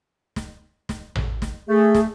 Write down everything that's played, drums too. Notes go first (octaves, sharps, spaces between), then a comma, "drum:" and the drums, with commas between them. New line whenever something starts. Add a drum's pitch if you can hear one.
drum: snare
drum: snare
drum: tom A1
drum: snare
A3 G#4
drum: snare